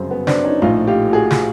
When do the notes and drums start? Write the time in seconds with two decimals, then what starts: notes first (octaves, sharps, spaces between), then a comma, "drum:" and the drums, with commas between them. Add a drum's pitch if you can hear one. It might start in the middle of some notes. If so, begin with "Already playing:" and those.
Already playing: G1 F#2 C#3 F#3 C4
0.11 B3
0.27 C4 D4, drum: snare
0.45 C#4 D#4
0.62 A#1 A2 F3 D#4 F4
0.87 F4 G4
1.13 F#4 G#4
1.30 drum: snare